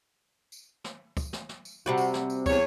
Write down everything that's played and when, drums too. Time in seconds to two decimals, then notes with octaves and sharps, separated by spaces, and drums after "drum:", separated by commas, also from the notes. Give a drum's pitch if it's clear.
0.52 drum: tambourine
0.84 drum: snare
1.17 drum: kick, tambourine
1.33 drum: snare
1.49 drum: snare
1.65 drum: tambourine
1.86 C3 G3 F#4
1.97 drum: tambourine
2.14 drum: snare
2.30 drum: tambourine
2.46 E2 C#5, drum: kick, tambourine